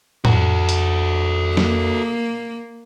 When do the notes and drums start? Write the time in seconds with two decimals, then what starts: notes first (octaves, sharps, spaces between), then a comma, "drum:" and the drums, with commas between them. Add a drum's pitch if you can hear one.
0.25 F2 F#4 A4, drum: tom A2
0.69 drum: hi-hat
1.57 A#3, drum: snare